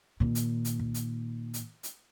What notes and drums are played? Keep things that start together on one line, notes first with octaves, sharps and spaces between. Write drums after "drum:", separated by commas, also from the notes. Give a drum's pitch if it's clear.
A#2 D#3
drum: hi-hat
drum: hi-hat
drum: kick
drum: hi-hat
drum: hi-hat
drum: hi-hat